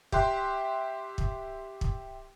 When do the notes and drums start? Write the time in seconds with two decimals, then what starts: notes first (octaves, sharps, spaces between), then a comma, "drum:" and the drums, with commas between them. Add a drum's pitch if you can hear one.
0.12 G4 E5 G5 C6 F#6, drum: kick
1.18 drum: kick
1.81 drum: kick